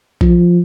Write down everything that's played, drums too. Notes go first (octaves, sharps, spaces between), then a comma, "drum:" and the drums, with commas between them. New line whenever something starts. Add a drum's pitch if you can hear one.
F3, drum: kick A#1